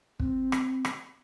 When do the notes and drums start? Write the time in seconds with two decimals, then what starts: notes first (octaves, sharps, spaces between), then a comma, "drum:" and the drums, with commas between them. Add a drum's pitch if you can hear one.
0.20 C4, drum: kick
0.52 drum: rim click
0.85 drum: rim click